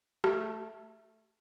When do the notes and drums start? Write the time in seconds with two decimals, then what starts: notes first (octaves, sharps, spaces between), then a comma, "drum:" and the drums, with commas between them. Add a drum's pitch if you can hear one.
0.24 A3, drum: rim click